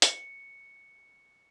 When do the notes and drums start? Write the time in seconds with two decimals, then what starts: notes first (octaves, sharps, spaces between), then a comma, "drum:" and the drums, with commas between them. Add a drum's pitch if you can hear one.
0.02 C#7, drum: hi-hat